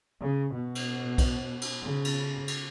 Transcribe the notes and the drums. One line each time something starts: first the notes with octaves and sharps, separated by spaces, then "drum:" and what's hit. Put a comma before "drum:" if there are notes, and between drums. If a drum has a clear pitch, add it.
C#3
B2
drum: cymbal
drum: kick B1, cymbal
drum: cymbal
C#3
drum: cymbal
drum: cymbal